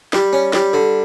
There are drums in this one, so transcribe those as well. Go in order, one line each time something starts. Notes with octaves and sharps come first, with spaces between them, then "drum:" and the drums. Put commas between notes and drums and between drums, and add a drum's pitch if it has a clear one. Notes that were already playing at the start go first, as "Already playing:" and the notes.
G3, drum: snare
C#4
G3, drum: snare
D3